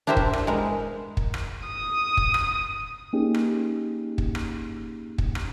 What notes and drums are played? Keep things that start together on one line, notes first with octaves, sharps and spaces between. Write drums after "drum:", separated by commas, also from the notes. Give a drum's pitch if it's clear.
D4 E4 G4 A#4 C5 E5
drum: kick
drum: rim click
G#3 B3 A#4
drum: kick
drum: rim click
D#6
drum: kick
drum: rim click
A#3 C#4 D#4 G4 G#4
drum: rim click
drum: kick
drum: rim click
drum: kick
drum: rim click